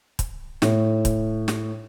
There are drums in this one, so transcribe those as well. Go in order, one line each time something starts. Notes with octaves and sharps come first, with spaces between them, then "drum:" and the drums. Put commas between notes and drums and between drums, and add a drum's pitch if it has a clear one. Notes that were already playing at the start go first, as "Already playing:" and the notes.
drum: kick, hi-hat
A2, drum: snare
drum: kick, hi-hat
drum: snare